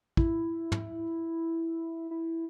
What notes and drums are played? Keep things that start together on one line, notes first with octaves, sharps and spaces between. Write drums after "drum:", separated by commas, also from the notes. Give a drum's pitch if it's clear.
E4, drum: kick
drum: tom
E4